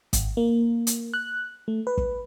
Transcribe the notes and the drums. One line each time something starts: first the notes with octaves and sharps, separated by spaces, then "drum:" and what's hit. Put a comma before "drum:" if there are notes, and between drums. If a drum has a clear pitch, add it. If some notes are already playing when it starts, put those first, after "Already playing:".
G#1, drum: kick, hi-hat
A#3
drum: hi-hat
F#6
A3
B4
drum: kick